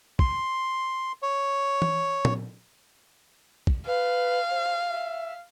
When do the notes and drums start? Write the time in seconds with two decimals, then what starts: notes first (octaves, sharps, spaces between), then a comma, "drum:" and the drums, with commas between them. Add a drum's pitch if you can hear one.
0.19 C6, drum: kick
1.22 C#5
1.82 drum: tom E3
2.25 drum: tom
3.67 drum: kick
3.86 B4 F5
4.50 C5
4.90 E5